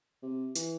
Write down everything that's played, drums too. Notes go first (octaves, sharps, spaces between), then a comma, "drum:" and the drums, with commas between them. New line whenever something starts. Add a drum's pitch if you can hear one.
C3
E3, drum: hi-hat